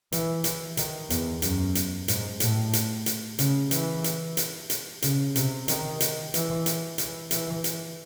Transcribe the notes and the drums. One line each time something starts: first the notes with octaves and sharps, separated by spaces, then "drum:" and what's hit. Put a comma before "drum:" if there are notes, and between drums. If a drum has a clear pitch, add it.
E3, drum: hi-hat
E3, drum: hi-hat
D#3, drum: hi-hat
E2, drum: hi-hat
F#2, drum: hi-hat
drum: hi-hat
G#2, drum: hi-hat
A2, drum: hi-hat
drum: hi-hat
drum: hi-hat
C#3, drum: hi-hat
E3, drum: hi-hat
drum: hi-hat
drum: hi-hat
drum: hi-hat
C#3, drum: hi-hat
C3, drum: hi-hat
D#3, drum: hi-hat
drum: hi-hat
E3, drum: hi-hat
drum: hi-hat
E3, drum: hi-hat
E3, drum: hi-hat
drum: hi-hat